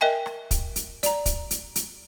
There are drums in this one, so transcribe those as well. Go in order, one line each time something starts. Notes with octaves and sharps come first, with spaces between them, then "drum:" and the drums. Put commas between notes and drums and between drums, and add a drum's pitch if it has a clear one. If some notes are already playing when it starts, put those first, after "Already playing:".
A#4 D#5 E5 G5 G#5
drum: rim click
drum: kick, hi-hat
drum: hi-hat
D5 A#5, drum: hi-hat
drum: kick, hi-hat
drum: hi-hat
drum: hi-hat